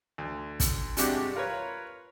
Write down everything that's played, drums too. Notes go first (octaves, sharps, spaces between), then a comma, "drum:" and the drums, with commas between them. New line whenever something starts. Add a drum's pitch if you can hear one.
D2
drum: kick, hi-hat
G2 C3 G#3 D4 F#4 G4, drum: hi-hat
F4 A#4 B4 C#5